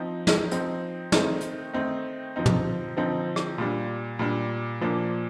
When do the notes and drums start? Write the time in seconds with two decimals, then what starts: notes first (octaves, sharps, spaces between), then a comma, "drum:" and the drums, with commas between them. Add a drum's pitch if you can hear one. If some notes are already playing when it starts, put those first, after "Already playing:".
Already playing: F3 C4 D#4
0.27 drum: snare
0.51 F3 C4 D#4, drum: hi-hat
1.12 D#3 A3 C4 D#4, drum: snare
1.41 drum: hi-hat
1.74 D#3 A3 C4 D#4
2.36 D3 F3 C4 D#4
2.46 drum: tom
2.97 D3 F3 C4 D#4
3.36 drum: rim click
3.58 A#2 G3 D4
4.19 A#2 G3 D4
4.81 A#2 F3 A#3 D4